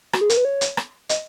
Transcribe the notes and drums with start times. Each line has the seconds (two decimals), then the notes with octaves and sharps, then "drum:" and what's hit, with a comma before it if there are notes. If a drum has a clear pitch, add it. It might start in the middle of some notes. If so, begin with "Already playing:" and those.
0.13 F#4, drum: rim click
0.21 G#4
0.30 A#4, drum: hi-hat
0.37 B4
0.45 C#5
0.61 drum: hi-hat
0.77 drum: rim click
1.09 D#5, drum: hi-hat